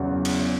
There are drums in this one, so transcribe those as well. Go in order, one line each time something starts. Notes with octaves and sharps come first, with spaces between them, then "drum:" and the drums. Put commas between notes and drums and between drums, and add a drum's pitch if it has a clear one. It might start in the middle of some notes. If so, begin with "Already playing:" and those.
Already playing: E2 C#3 F#3
drum: cymbal